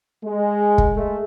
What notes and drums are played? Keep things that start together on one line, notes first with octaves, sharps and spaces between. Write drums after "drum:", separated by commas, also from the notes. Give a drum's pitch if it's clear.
G#3
drum: kick
G#3 A3